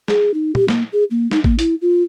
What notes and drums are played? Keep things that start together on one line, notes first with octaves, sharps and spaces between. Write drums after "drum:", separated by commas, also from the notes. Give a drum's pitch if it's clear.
G#4, drum: snare
D#4
G4, drum: tom
A#3, drum: snare
G#4
A#3
D#4, drum: snare
A#3, drum: kick G#1
E4, drum: hi-hat
F4